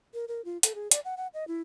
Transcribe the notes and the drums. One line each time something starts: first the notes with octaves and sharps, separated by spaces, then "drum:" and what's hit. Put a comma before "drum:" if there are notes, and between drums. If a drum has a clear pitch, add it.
A#4
A#4
F4
A4, drum: hi-hat
G#4
D5, drum: hi-hat
F#5
F#5
D#5
E4